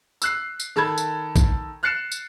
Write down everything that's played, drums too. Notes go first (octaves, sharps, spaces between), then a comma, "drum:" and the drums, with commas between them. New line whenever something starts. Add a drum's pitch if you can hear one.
E6 F#6 C7, drum: tambourine
drum: tambourine
D#3 A4 A5 B5 G#6
drum: tambourine
drum: kick, tambourine
F6 F#6 A6 C7 C#7 E7
drum: tambourine